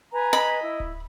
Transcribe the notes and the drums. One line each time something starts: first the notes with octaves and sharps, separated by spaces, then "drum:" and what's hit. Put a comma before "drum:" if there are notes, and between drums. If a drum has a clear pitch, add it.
B4 G#5 A#5
D#5 B5
E4
drum: kick D1